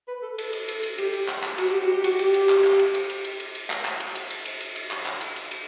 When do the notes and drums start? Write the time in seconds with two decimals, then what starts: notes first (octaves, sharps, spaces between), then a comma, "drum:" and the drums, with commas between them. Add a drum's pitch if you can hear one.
0.08 B4
0.22 A4
0.38 A4, drum: cymbal
0.53 drum: cymbal
0.68 A4, drum: cymbal
0.83 drum: cymbal
0.98 G4, drum: cymbal
1.13 drum: cymbal
1.28 drum: clap
1.44 drum: clap
1.58 F#4, drum: cymbal
1.70 G4
1.82 F#4
1.93 G4
2.04 F#4, drum: cymbal
2.19 G4, drum: cymbal
2.34 drum: cymbal
2.49 drum: clap
2.64 drum: clap
2.79 drum: cymbal
2.95 drum: cymbal
3.10 drum: cymbal
3.25 drum: cymbal
3.40 drum: cymbal
3.55 drum: cymbal
3.70 drum: clap
3.85 drum: clap
4.00 drum: cymbal
4.15 drum: cymbal
4.30 drum: cymbal
4.46 drum: cymbal
4.61 drum: cymbal
4.76 drum: cymbal
4.91 drum: clap
5.06 drum: clap
5.21 drum: cymbal
5.36 drum: cymbal
5.51 drum: cymbal